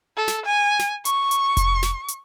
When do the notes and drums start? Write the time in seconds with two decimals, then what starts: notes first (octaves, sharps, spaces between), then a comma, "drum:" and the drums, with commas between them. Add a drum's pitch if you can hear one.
0.17 A4
0.28 drum: snare
0.46 G#5
0.79 drum: snare
1.05 C#6, drum: hi-hat
1.31 drum: hi-hat
1.57 drum: kick F1, hi-hat
1.83 drum: snare
2.08 drum: hi-hat